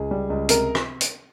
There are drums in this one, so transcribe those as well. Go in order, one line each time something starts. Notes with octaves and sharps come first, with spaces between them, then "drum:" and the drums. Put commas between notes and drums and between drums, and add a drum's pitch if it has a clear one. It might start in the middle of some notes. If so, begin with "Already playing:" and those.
Already playing: C#2 G#4
G3
C#2
C3 A#4, drum: hi-hat
drum: rim click
drum: hi-hat